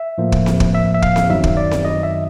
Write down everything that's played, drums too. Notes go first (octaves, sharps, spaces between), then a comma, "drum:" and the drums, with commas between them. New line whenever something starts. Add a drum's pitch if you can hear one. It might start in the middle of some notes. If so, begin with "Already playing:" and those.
Already playing: E5
A2 F3 A#3
drum: kick
drum: snare C4
drum: kick
E5
E5
F5, drum: kick
drum: snare C4
F#2 D#3 F#3 B3 D#4 E5
drum: kick
D5
drum: snare C4
D#5
E5